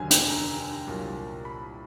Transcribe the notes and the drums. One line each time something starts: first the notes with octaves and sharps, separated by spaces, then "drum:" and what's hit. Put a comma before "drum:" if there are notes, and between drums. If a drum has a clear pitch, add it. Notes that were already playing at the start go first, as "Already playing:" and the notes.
Already playing: F1 D#2 D3 F#3 G#5
G5, drum: hi-hat
A#5
C2 A#2 F#3 A#3
B5